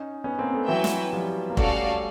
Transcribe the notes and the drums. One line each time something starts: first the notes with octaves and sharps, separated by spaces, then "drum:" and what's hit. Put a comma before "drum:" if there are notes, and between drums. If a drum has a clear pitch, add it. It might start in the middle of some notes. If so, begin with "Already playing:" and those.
Already playing: C#4 D#4
B3 C#4
A#3 C4
A3 B3
E3 F#3 F#4 B4 E5 G5
drum: snare
F3 G3
A#3
G3 A3 C#4 F#4 A4 D5 F5, drum: kick